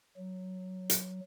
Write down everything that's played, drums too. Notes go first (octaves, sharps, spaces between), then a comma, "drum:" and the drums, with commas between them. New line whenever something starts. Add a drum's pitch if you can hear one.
F#3
drum: hi-hat